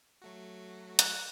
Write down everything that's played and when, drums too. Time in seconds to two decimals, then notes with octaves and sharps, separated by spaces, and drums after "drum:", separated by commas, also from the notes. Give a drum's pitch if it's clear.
0.22 F#3 A3 F#4
0.99 F#6, drum: hi-hat